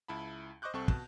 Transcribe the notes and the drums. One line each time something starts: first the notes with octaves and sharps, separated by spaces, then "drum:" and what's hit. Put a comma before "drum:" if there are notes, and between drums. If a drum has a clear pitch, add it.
C#2 E4 A5 B5
C5 D#5 C#6 D6 F#6 G6
C2 C4 A4 C#6
B2 A5, drum: kick